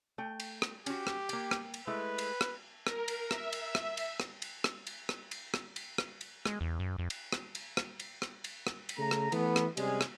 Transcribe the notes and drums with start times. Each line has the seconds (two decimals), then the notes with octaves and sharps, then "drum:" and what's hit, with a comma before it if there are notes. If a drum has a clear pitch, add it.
0.18 A3 G5
0.40 drum: cymbal
0.62 drum: rim click
0.86 C#4 F#4 G4, drum: cymbal
1.07 drum: rim click
1.29 A#3 G5, drum: cymbal
1.51 drum: rim click
1.74 drum: cymbal
1.87 G#3 A3 E4 B4
2.18 drum: cymbal
2.41 drum: rim click
2.87 A#4, drum: rim click
3.08 drum: cymbal
3.31 E5, drum: rim click
3.53 drum: cymbal
3.75 drum: rim click
3.97 drum: cymbal
4.20 drum: rim click
4.42 drum: cymbal
4.64 drum: rim click
4.87 drum: cymbal
5.09 drum: rim click
5.31 drum: cymbal
5.54 drum: rim click
5.76 drum: cymbal
5.98 drum: rim click
6.21 drum: cymbal
6.46 G#3, drum: rim click
6.61 E2
6.79 F#2
6.99 F2
7.10 drum: cymbal
7.32 drum: rim click
7.55 drum: cymbal
7.77 drum: rim click
8.00 drum: cymbal
8.22 drum: rim click
8.44 drum: cymbal
8.67 drum: rim click
8.89 drum: cymbal
8.98 C#3 A3 A#5
9.11 drum: rim click
9.32 E3 A3 B3, drum: cymbal
9.56 drum: rim click
9.77 C3 G3 G#3 C#4 G#4, drum: cymbal
10.01 drum: rim click